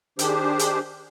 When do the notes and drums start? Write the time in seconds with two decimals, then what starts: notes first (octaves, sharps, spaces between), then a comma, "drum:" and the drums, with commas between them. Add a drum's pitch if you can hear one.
0.19 D#3 D4 G4 G#4 C5, drum: hi-hat
0.59 drum: hi-hat